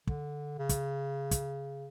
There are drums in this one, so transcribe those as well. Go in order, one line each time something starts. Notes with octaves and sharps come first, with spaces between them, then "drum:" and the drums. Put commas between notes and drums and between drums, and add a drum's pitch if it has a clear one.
D3, drum: kick
C#3
drum: kick, hi-hat
drum: kick, hi-hat